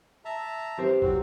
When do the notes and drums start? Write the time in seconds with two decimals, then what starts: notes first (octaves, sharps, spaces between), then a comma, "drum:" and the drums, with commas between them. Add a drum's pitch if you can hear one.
0.25 E5 A5 A#5
0.78 C4 G4 C5
1.02 F#3 C4 F#4, drum: kick